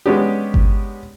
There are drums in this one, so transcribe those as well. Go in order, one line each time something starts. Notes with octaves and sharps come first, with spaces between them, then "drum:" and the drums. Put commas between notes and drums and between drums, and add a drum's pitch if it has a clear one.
G#3 B3 C#4 D4 G4
drum: kick G1